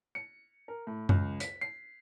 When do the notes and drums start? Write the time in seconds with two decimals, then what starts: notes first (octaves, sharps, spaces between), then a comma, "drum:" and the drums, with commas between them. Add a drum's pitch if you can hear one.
0.15 C#7
0.68 A#4
0.87 A2
1.09 C#2, drum: tom F#2
1.40 B6, drum: hi-hat
1.61 C7